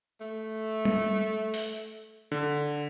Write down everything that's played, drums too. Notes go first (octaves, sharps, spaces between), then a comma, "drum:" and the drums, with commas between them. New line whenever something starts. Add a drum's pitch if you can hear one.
A3
drum: tom G3
drum: open hi-hat
D3